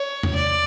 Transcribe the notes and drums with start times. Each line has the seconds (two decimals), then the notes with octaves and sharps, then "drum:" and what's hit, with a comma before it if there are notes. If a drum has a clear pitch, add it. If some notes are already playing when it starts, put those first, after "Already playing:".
Already playing: C#5
0.23 drum: tom E2
0.35 D5